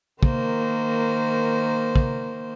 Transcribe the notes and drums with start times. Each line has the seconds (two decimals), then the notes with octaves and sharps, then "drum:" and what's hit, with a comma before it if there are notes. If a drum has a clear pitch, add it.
0.23 D#3 A#3 C5, drum: kick
1.96 drum: kick